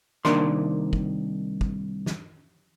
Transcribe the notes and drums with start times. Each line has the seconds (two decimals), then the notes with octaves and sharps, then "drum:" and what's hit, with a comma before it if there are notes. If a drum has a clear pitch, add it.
0.25 C2 D#3 A#3 D4 D5 C6, drum: snare
0.93 drum: kick
1.61 drum: kick
2.06 drum: snare